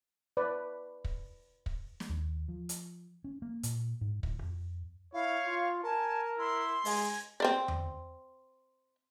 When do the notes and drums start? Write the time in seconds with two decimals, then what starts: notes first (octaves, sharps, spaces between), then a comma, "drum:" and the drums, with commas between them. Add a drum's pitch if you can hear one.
0.37 B4 D5
1.04 drum: kick
1.66 drum: kick
2.00 drum: snare
2.09 D#2
2.48 F3
2.69 drum: hi-hat
3.24 C#4
3.42 A#3
3.63 A#2, drum: hi-hat
4.01 G#2
4.23 D1, drum: kick
4.42 F2
5.14 E4 C#5 F5
5.46 F4
5.84 A#4 G#5 A5
6.39 E4 C6
6.85 G#3 G#5, drum: open hi-hat
7.40 C4 C5 D5
7.68 drum: tom E2